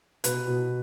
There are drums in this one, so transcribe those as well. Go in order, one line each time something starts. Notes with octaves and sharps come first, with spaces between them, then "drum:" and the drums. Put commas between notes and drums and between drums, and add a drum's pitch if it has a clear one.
B2 B4, drum: hi-hat
B2